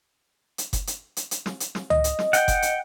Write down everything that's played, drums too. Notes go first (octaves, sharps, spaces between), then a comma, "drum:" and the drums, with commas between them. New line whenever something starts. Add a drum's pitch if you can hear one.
drum: hi-hat
drum: kick F#1, hi-hat
drum: hi-hat
drum: hi-hat
drum: hi-hat
drum: snare
drum: hi-hat
drum: snare
D#5, drum: tom
drum: hi-hat
drum: snare
F#5 G5, drum: hi-hat
drum: kick F#1, hi-hat
drum: hi-hat